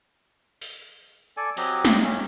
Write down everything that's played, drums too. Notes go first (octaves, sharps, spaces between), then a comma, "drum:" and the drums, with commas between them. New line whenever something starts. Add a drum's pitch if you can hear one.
drum: open hi-hat
A4 D5 G#5
F#3 C4 G4 D#5, drum: open hi-hat
drum: snare
C#4